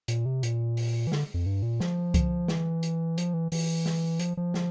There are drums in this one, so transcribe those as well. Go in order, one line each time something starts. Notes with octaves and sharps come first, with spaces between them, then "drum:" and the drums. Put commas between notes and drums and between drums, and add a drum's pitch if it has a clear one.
A#2, drum: hi-hat
C3
A#2, drum: hi-hat
drum: open hi-hat
E3
D3, drum: snare
F2
G2
A#2
F3, drum: snare
drum: kick C2, hi-hat
E3, drum: snare
drum: hi-hat
F3, drum: hi-hat
E3
E3, drum: open hi-hat
drum: snare
F3, drum: hi-hat
F3
drum: snare